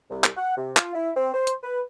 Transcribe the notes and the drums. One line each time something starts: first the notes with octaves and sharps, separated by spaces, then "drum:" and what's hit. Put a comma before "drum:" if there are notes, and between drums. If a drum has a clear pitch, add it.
C2
drum: clap
F#5
C3
F4, drum: clap
E4
C4
C5
drum: hi-hat
B4